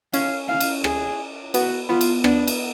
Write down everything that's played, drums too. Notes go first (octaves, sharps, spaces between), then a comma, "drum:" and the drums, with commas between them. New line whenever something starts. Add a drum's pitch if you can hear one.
C#4 F5, drum: cymbal
F5
drum: cymbal
G#4, drum: rim click
B3 F#4, drum: cymbal
B3 F4
drum: cymbal
B3 D4, drum: rim click
drum: cymbal